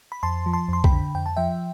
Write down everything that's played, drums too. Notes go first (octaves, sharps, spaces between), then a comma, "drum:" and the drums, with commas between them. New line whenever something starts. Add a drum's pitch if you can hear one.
B5
F2 A5 C6
F3
A5 C6
F2 C6
G5 B5, drum: kick
D3
F2 G5
A5
F3 E5 G5